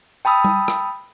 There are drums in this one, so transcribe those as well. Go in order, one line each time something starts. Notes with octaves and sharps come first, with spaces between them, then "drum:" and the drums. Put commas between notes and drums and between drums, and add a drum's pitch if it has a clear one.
G5 A5 B5 D#6 E6
drum: tom G3
drum: rim click